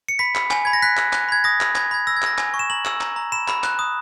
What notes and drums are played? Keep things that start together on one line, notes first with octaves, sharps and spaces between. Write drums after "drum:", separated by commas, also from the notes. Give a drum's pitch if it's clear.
C#7
B5 B6
B5, drum: clap
G#5, drum: clap
B5 G#6
A#6
F#6 B6
F#6, drum: clap
F#6, drum: clap
B5 G#6
D#6 A#6
B5, drum: clap
B5 G#6, drum: clap
B5 G#6
E6 A#6
G#6
E6 A#6, drum: clap
G#5, drum: clap
C#6
E7
A#5 F#7
E6, drum: clap
A#5, drum: clap
A#5
B5 E7
B5, drum: clap
F#6, drum: clap
D#6